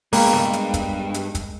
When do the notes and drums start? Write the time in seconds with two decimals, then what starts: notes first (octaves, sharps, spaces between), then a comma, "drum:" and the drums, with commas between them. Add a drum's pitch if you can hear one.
0.13 G2 G#3 A#3 B3 G5 B5, drum: open hi-hat
0.33 drum: snare
0.53 drum: hi-hat
0.74 drum: kick, hi-hat
1.14 drum: hi-hat
1.35 drum: kick, hi-hat